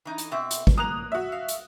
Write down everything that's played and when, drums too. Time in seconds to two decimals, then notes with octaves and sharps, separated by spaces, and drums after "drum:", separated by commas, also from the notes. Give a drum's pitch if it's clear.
0.05 E3 D#4
0.18 drum: hi-hat
0.31 B2 C4 E5
0.51 drum: hi-hat
0.67 drum: kick
0.78 A#3 D#6 F#6 F7
1.12 F#4 E5
1.32 F5
1.48 drum: hi-hat